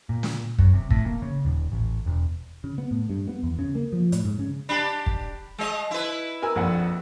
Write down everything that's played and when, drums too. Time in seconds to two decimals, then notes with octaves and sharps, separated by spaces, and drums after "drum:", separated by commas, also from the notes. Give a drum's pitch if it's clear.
0.09 A#2
0.23 drum: snare
0.59 F#2, drum: kick
0.73 C3
0.90 A2, drum: kick
1.06 A#3
1.22 C#3
1.45 D#1
1.72 A1
2.06 E1
2.64 C#3
2.78 B3
2.91 A2
3.09 G2
3.29 B3
3.43 E2
3.59 C#3
3.75 A#3
3.92 F3
4.12 A2, drum: hi-hat
4.25 G#2
4.39 C#3
4.69 D4 G4 B5
5.06 drum: kick
5.59 G#3 D#5
5.91 E4 B4
6.42 A#4 G#5 E6
6.55 A#1 F2 F#5